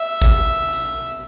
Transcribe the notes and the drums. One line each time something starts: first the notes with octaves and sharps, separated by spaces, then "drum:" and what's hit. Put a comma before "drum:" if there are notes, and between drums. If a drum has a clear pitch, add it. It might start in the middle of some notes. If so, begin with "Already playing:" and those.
Already playing: E5
drum: kick G#1
drum: hi-hat